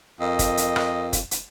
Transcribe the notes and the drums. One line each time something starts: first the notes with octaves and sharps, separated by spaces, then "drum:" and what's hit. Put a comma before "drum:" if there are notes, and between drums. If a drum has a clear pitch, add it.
F2 A#4 D#5
drum: kick, hi-hat
drum: hi-hat
drum: rim click
drum: kick, hi-hat
drum: hi-hat